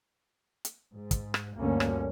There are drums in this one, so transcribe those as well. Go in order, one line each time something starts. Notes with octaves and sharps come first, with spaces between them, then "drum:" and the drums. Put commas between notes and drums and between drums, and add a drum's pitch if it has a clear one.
drum: hi-hat
G#2
drum: kick, hi-hat
drum: rim click
D2 G2 D3 A#3 C#4
drum: rim click